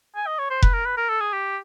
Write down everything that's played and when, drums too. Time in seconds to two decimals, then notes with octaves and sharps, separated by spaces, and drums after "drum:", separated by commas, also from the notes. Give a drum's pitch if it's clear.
0.16 G#5
0.27 D#5
0.39 C#5
0.50 C5
0.62 B4, drum: kick F1
0.74 A#4
0.86 B4
0.97 A#4
1.09 A4
1.20 G#4
1.33 G4